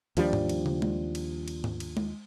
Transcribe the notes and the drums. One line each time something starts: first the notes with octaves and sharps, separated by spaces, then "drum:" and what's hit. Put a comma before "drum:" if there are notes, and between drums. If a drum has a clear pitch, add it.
D#2 F3 G3 D4, drum: cymbal
drum: tom G#2
drum: cymbal
drum: tom
drum: tom G#3
drum: cymbal
drum: cymbal
drum: tom G#2
drum: cymbal
drum: tom G#3